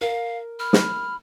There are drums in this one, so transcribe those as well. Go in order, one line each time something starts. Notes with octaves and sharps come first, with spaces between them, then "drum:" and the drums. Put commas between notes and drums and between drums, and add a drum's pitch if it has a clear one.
A#4 F5
B5 F6
drum: snare